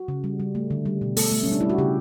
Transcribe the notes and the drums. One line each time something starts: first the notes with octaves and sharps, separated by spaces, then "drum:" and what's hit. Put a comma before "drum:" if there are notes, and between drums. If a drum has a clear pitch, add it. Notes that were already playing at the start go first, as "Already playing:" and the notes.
Already playing: F#4
C#3
G3
G3
A3
D3
G3
B2
A3 A4, drum: open hi-hat
A3
C#4
G3 D4
G3 E4
F#4
C#3 G4